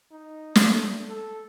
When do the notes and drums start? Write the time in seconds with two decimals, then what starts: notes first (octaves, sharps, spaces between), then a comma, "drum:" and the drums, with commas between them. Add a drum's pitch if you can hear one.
0.11 D#4
0.55 A3, drum: snare
1.08 A4